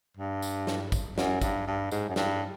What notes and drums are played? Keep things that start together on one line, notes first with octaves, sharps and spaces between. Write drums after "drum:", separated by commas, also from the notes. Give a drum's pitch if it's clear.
G2
drum: tambourine
drum: snare
drum: kick, tambourine
F#2, drum: snare
G2, drum: kick, tambourine
G2
G#2, drum: tambourine
F#2
G2, drum: snare